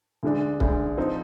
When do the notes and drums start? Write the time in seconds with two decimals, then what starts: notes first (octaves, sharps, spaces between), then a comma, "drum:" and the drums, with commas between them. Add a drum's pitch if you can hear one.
0.23 D2 D3 G#3 D4
0.60 D2 D3 G#3 D4, drum: kick C#1
0.97 F3 C4 D#4